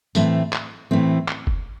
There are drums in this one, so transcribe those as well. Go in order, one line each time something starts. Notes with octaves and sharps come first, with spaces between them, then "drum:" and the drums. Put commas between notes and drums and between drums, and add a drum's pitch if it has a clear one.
A2 E3 A3 C4, drum: tambourine
drum: clap
A2 E3 A3 C4
drum: clap
drum: kick